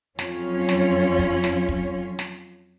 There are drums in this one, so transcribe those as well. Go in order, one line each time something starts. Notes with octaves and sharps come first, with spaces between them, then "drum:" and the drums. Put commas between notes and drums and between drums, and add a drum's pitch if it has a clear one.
F2 F#3 C#4 F4 C#5, drum: snare
drum: snare
drum: kick
drum: snare
drum: kick
drum: snare